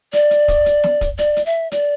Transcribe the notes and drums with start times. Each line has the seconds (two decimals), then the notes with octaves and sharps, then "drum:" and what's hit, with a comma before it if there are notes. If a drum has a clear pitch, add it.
0.13 D5, drum: hi-hat
0.31 drum: hi-hat
0.48 drum: kick, hi-hat
0.66 drum: hi-hat
0.84 drum: snare
1.01 drum: kick, hi-hat
1.18 D5, drum: hi-hat
1.36 drum: hi-hat
1.46 E5
1.72 D5, drum: hi-hat